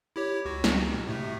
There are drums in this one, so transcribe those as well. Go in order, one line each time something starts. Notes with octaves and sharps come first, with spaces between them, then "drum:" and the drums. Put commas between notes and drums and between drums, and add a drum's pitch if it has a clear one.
E4 G4 C#5
C#2 F#4
drum: snare
B2
A2 C3 A3